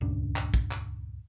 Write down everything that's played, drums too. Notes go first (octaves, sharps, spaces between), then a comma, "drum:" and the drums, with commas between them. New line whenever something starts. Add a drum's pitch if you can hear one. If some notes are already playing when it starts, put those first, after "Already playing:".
D#1 C#2 G2 D4
drum: clap
drum: kick
drum: clap